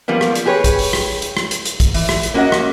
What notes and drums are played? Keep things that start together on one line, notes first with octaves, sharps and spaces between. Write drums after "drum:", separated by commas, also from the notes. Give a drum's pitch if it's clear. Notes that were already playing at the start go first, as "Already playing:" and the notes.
F3 G3 A#3 B3
drum: rim click
drum: hi-hat
G4 G#4 B4 C#5
drum: kick, hi-hat
drum: open hi-hat
drum: rim click
drum: hi-hat
drum: rim click
drum: hi-hat
drum: hi-hat
drum: kick, hi-hat
E3, drum: open hi-hat
drum: rim click
drum: hi-hat
A#3 C#4 F#4 A#4 D#5 F#5
drum: rim click